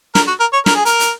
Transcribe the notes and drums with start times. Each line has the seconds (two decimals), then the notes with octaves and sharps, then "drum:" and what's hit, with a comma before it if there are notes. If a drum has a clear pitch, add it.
0.15 A#4, drum: snare
0.28 F#4
0.40 A#4
0.53 C#5
0.66 A#4, drum: snare
0.75 G#4
0.85 A#4, drum: hi-hat
1.00 drum: hi-hat